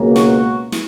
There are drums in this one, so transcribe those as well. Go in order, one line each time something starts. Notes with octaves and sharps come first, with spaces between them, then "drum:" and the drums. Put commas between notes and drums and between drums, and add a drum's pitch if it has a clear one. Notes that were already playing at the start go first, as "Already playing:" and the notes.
Already playing: C#2 B2 A#3 C#4
F#4, drum: snare
drum: snare